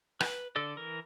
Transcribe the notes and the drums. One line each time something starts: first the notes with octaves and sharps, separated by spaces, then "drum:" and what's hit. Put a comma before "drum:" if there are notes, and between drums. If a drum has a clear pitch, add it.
B4, drum: rim click
D3 A4 D5
E3 A#4